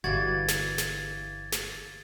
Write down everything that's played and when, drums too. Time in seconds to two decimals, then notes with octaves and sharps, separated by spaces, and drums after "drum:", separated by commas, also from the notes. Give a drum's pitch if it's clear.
0.04 G1 D3 E3 G3 F#4 F5 G#6 A6
0.49 drum: snare
0.78 drum: snare
1.52 drum: snare